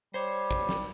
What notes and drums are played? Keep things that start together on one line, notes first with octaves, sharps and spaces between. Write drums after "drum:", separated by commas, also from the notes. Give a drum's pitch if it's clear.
G3 C5 C#5
drum: kick
drum: snare